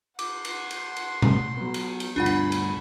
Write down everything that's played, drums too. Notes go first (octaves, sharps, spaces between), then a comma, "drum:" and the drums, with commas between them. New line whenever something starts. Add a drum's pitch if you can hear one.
F#5 C6 D6, drum: cymbal
drum: cymbal
drum: cymbal
drum: cymbal
drum: tom B2
F#3 B3
drum: cymbal
drum: cymbal
D2 G2 B2 D4 F4 F#5 G#5 B5
drum: cymbal
drum: cymbal